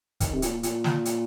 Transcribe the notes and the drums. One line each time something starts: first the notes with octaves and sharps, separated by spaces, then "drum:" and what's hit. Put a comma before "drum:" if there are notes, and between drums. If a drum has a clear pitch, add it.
D#3, drum: kick, hi-hat
C3
A#2, drum: hi-hat
A#2, drum: hi-hat
drum: snare
drum: hi-hat